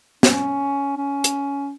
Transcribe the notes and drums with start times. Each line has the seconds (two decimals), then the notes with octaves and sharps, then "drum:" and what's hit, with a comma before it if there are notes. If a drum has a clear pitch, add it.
0.23 C#4, drum: snare
0.97 C#4
1.24 drum: hi-hat